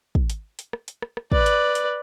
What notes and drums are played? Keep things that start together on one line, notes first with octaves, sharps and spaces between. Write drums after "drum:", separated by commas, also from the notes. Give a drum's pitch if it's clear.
drum: kick
drum: hi-hat
drum: hi-hat
drum: rim click
drum: hi-hat
drum: rim click
drum: rim click
B4 D5, drum: kick
drum: hi-hat
drum: hi-hat